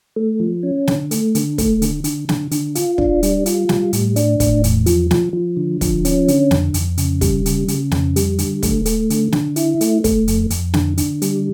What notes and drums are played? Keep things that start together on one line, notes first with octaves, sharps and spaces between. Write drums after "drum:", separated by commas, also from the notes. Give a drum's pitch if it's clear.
A3
F3
C#4
D3, drum: snare
A3, drum: hi-hat
D3, drum: hi-hat
A3, drum: kick, hi-hat
D3, drum: hi-hat
D3, drum: hi-hat
D3, drum: snare
D3, drum: hi-hat
F4, drum: hi-hat
D4, drum: kick
G3, drum: hi-hat
F4, drum: hi-hat
G3, drum: snare
A2, drum: hi-hat
D4, drum: hi-hat
A2, drum: kick, hi-hat
E2, drum: hi-hat
F3, drum: hi-hat
F3, drum: snare
F3
D3
F3, drum: kick, hi-hat
C#4, drum: hi-hat
D3, drum: hi-hat
F2, drum: snare
F2, drum: hi-hat
C#3, drum: hi-hat
G3, drum: kick, hi-hat
C#3, drum: hi-hat
C#3, drum: hi-hat
F2, drum: snare
G3, drum: hi-hat
D3, drum: hi-hat
A3, drum: kick, hi-hat
A3, drum: hi-hat
D3, drum: hi-hat
D3, drum: snare
E4, drum: hi-hat
A3, drum: hi-hat
A3, drum: kick, hi-hat
F2, drum: hi-hat
F2, drum: hi-hat
D3, drum: snare
D3, drum: hi-hat
G3, drum: hi-hat